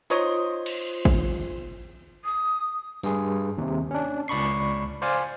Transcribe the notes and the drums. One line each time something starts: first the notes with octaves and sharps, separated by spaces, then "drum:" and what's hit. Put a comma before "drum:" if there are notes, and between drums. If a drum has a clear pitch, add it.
D#4 F4 C5 C#5 D#5 C6
drum: cymbal
drum: kick
D#6
G2 G#4, drum: tambourine
D#2 C3
C#4 D4
C#2 D5 B5 C#6 C7
C5 D5 F5 G#5